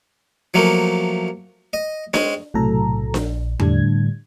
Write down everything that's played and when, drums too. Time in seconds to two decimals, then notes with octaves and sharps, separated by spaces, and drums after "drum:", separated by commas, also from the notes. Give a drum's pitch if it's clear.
0.54 F3 F#3 A3 A#3
1.73 D#5
2.14 G#3 C4 C#4, drum: snare D4
2.54 B1 A2 C3 F#3 A4 A#5
3.14 A#1, drum: snare D4
3.60 A2 D3 G3 D4 G#6, drum: tom E2